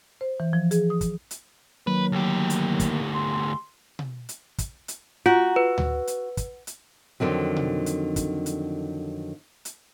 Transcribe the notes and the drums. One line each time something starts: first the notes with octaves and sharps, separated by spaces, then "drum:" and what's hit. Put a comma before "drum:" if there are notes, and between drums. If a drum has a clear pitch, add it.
C5
E3
F3
G#4, drum: hi-hat
D#6
drum: kick, hi-hat
drum: hi-hat
D#3 F#3 A#3 B4
D2 G4
drum: hi-hat
drum: kick, hi-hat
C6
drum: tom B2
drum: hi-hat
drum: kick, hi-hat
drum: hi-hat
F4 F#4
B4
drum: tom D2
drum: hi-hat
drum: kick, hi-hat
drum: hi-hat
F2 B2 D3 D#3 F#3
drum: tom B2
drum: hi-hat
drum: kick, hi-hat
drum: hi-hat
drum: hi-hat